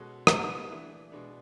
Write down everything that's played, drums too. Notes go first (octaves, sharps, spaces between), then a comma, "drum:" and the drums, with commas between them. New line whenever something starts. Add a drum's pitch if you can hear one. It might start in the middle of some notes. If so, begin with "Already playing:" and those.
Already playing: B2 G#3 C#4 F#4 A4
A#2 G3 B3 E4 G#4, drum: rim click
E3 A3 D4
B2 G#3 B3 D4